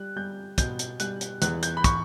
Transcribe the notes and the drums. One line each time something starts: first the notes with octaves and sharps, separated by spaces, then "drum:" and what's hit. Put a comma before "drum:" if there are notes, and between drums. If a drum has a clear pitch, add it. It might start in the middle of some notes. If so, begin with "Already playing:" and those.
Already playing: G3 F#6
G3 G6
B2 G6, drum: kick, hi-hat
drum: hi-hat
G3 F#6, drum: hi-hat
drum: hi-hat
E2 F#6, drum: hi-hat
G6, drum: hi-hat
B5
C#6, drum: kick, hi-hat